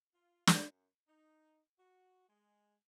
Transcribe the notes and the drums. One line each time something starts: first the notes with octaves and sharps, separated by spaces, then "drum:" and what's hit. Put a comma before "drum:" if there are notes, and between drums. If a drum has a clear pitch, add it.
F4
F#2, drum: snare
D#4
F#4
G#3